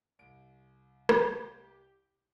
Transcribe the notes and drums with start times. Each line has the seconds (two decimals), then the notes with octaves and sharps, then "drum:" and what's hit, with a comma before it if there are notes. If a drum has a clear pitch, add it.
0.19 C2 D7
1.09 G4, drum: rim click